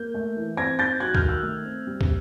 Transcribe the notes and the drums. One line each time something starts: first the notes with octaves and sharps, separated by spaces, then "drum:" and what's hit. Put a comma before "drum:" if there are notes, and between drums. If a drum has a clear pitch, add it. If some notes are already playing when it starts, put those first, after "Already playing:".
Already playing: A#3 G6
A3
E3
C4 G#6 A#6
D#4 G6 A6
F#3 F#6 G#6
F6 G6, drum: kick
D#3
E6 F#6
A3
C4
G3
drum: kick